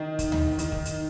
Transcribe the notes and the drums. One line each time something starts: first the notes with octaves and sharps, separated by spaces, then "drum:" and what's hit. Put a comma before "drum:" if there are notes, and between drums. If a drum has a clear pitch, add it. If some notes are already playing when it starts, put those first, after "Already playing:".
Already playing: D#3
drum: kick, hi-hat
drum: tom D2
D#3, drum: hi-hat
drum: kick
drum: hi-hat